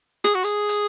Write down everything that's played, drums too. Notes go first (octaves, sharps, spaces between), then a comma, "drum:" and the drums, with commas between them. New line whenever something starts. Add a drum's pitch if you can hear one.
G#4, drum: snare
F#4
G#4, drum: hi-hat
drum: hi-hat